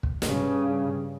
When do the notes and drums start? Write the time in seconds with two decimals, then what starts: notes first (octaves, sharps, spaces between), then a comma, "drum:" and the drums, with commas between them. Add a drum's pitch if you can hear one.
0.03 drum: kick
0.22 G2 C#3, drum: snare